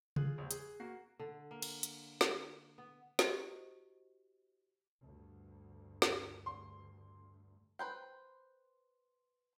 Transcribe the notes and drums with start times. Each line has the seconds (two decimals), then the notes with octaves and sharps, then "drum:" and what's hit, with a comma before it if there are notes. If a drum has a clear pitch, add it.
0.16 F4 G#4 F#6, drum: tom C#3
0.38 E1 A#1
0.51 G#4, drum: hi-hat
0.80 A#3 F#4 C7
1.19 D3
1.51 A#3
1.62 drum: cymbal
1.83 drum: hi-hat
2.21 drum: snare
2.78 B3
3.19 E4 F#4 G4 C5 D#5, drum: snare
5.03 D2 G2
6.02 drum: snare
6.46 C6
7.79 B4 C5 G5